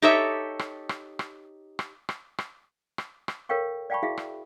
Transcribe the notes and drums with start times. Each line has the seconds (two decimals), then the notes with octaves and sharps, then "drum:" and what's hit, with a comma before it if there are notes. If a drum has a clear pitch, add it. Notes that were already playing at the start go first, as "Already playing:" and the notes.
0.02 D#4 G4 A4 C#5 E5
0.59 drum: rim click
0.89 drum: rim click
1.19 drum: rim click
1.79 drum: rim click
2.09 drum: rim click
2.38 drum: rim click
2.98 drum: rim click
3.28 drum: rim click
3.49 A4 A#4 C#5 F5 G5 C#6
3.90 D5 F5 G5 A5 B5 C#6
4.03 E4 F#4 G#4 E5 F5
4.18 drum: rim click